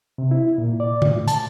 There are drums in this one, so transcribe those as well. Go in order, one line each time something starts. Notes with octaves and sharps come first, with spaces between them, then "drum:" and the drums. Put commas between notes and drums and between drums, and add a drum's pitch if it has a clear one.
C3
E4
A#2
D5
A2, drum: tom
A5, drum: hi-hat